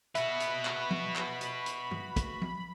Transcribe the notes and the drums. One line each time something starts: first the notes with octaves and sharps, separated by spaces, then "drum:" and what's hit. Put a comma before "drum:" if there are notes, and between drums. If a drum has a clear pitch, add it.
F#4 B4 E5 B5, drum: hi-hat
drum: hi-hat
drum: clap
drum: tom F3
drum: clap
drum: hi-hat
drum: hi-hat
drum: tom G2
drum: kick, hi-hat
drum: tom F3